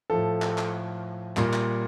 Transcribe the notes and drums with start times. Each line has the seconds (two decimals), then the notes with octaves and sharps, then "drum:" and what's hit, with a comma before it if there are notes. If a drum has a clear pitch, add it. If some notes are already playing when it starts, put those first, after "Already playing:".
0.10 A2 F3 A4
0.42 drum: clap
0.58 drum: clap
1.37 A#2 G3, drum: clap
1.53 drum: clap